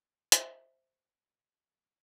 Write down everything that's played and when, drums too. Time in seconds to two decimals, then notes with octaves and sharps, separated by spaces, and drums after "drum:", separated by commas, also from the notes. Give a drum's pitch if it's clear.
0.32 C5 D#5 E5, drum: hi-hat